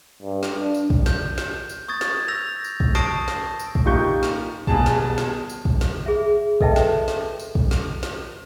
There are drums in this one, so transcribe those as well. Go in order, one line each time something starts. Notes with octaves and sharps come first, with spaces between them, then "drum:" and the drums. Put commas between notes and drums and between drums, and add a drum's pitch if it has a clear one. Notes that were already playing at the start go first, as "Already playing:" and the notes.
G2
drum: snare
D4
drum: tambourine
drum: kick
G6, drum: snare
drum: snare
drum: tambourine
C#6 D#6 G#6 A6
drum: snare
E6 G6 A#6 F7
drum: tambourine
drum: kick
A5 C#6 D#6 A#6 C7 D7, drum: snare
drum: snare
drum: tambourine
drum: kick
A#2 D#4 F4 G4 C#6 G6
drum: snare
D#1 B2 G#4 A5, drum: kick
drum: snare
drum: snare
drum: tambourine
drum: kick
drum: snare
G#4 E5
A4 B4 D#5 E5 G5 A5, drum: kick
drum: snare
drum: snare
drum: tambourine
drum: kick
drum: snare
drum: snare